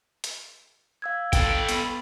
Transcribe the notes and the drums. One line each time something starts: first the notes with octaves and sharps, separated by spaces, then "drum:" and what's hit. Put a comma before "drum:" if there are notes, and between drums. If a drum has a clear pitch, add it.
drum: hi-hat
F5 E6 G#6
A4 G5, drum: kick G#1, hi-hat
B3 B5, drum: hi-hat